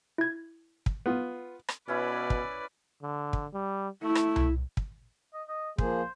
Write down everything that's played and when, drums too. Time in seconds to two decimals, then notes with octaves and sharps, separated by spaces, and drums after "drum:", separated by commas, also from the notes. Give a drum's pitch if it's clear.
0.18 E4 G#6
0.86 drum: kick
1.06 B3 F4
1.68 drum: rim click
1.88 B2 C#4 E4 B4 D5
2.30 drum: kick
3.02 D3
3.33 drum: kick
3.54 G3
4.03 A3 E4
4.15 drum: rim click
4.36 drum: tom C2
4.77 drum: kick
5.34 D#5
5.49 D#5
5.78 F3 A#3 G#4 C5, drum: kick